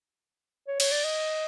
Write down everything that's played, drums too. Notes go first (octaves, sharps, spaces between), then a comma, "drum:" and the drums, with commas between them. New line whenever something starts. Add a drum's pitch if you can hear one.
C#5
C#5, drum: cymbal
D5
D#5